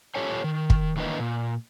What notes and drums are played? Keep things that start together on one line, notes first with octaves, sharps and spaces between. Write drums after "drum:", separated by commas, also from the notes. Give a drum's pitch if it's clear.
F4 G4 A4 C#5 G#5
D#3
drum: kick
D#3 E3 A#3 D4 B4 D#5
A#2